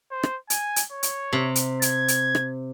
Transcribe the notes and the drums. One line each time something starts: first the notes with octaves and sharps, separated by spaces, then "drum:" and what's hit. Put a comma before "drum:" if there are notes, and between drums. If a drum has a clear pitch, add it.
C5
drum: rim click
G#5, drum: hi-hat
drum: hi-hat
C#5
drum: hi-hat
C3
drum: hi-hat
G#6, drum: hi-hat
drum: hi-hat
drum: rim click